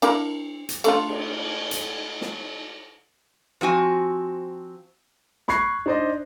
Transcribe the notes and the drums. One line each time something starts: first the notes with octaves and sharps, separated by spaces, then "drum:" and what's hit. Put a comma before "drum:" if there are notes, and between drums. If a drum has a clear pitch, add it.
D4 E4 A#4, drum: cymbal
drum: hi-hat
A3 D4 F4, drum: cymbal
drum: cymbal
drum: hi-hat
drum: snare
F3 C4 F#4 G#5
B5 C#6 F#6 G#6 C7, drum: snare
D4 D#4 C5 D5 D#5